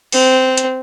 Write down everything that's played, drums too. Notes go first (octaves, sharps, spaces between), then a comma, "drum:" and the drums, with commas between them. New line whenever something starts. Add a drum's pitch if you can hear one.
C4, drum: open hi-hat
drum: hi-hat